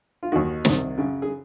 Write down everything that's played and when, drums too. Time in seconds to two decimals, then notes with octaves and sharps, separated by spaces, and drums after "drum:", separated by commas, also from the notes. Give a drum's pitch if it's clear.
0.23 F4
0.32 D#2 D#3 F#4
0.65 C2 C3 D#3, drum: snare
0.97 F#2 C#3
1.22 G#4